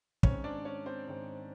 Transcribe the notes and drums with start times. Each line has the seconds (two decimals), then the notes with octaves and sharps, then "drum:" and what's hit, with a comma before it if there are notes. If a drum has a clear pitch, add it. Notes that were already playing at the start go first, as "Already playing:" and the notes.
0.23 G#2 D#3 G#3 C4 C#4 C#5, drum: kick
0.44 D4 D5
0.65 C#4 C#5
0.86 C4 C5
1.07 G#2 D#3 G#3 C4